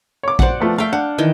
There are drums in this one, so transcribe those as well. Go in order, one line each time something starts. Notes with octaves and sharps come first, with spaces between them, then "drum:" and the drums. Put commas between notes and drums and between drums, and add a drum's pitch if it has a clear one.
C#5 D6
F#4 C5 D5 F#5, drum: kick
F3 A3 B3
A3 E5 F5 G5
D4 F#5
D#3 E3 G5